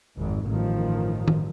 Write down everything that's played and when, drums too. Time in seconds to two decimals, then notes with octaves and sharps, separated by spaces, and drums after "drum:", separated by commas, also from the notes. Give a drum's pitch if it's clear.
0.16 G#1 F2 G#2
0.48 A1 G2 D#3 F3
1.28 drum: tom D#3